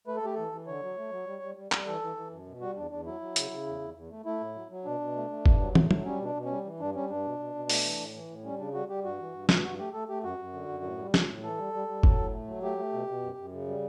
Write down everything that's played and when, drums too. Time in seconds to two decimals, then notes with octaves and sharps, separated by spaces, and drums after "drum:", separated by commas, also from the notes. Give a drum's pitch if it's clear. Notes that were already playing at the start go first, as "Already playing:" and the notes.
0.07 A3 B4
0.17 A4
0.23 A3 G4
0.34 E3 A4
0.52 E3
0.67 D3 C#5
0.82 F#3
0.97 A3
1.11 F#3
1.27 G3
1.42 G3
1.56 G3
1.72 G3, drum: clap
1.87 E3 A4
2.02 E3
2.17 E3
2.31 F#2
2.46 B2
2.61 G3 F#4
2.76 E2 D4
2.91 E2 D4
3.06 F#3 E4
3.21 F#3
3.36 C#3, drum: hi-hat
3.51 C#3
3.66 E2
3.81 E2
3.96 E2
4.11 A3
4.26 A3 E4
4.41 A2
4.56 F#3
4.71 F#3
4.85 B2 D4
5.00 B2
5.16 A3
5.30 A3
5.46 G2, drum: kick
5.60 F#3
5.75 A3, drum: tom
5.91 F#3, drum: tom
6.05 G3 C#4
6.20 B2 D4
6.36 B2
6.45 G3 C#4
6.65 E3
6.80 G2 D4
6.95 G3 C#4
7.10 G2 D4
7.25 B2
7.39 B2
7.55 B2
7.70 A3, drum: open hi-hat
7.84 E3
7.99 A2
8.14 E3
8.30 A2
8.44 G3 C#4
8.59 C#3 D4
8.74 G3 F#4
8.89 G3 G4
9.04 G2 F#4
9.19 E3
9.34 G2
9.49 E3, drum: snare
9.64 G2 F#4
9.79 A3 G4
9.93 A3 A4
10.08 A3 G4
10.23 F#2 F#4
10.39 F#2
10.53 D3
10.69 F#2
10.83 A2
10.98 G3
11.14 A2, drum: snare
11.28 A2
11.43 E3 A4
11.58 G3
11.73 G3
11.88 G3
12.03 F#3, drum: kick
12.18 A2
12.33 A3
12.48 F#3
12.63 A3 G4
12.78 A3
12.93 B2
13.07 B2
13.23 F#2
13.37 F#2
13.53 C#3
13.67 G3